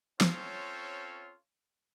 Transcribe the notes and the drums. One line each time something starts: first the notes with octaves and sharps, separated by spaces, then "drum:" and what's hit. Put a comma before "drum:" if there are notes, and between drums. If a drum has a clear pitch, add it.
C4 C#4 F4 A4 C5 C#5, drum: snare